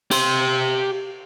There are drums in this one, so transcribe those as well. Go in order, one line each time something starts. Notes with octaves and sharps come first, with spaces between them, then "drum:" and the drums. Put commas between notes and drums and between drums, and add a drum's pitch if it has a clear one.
G4 C6, drum: cymbal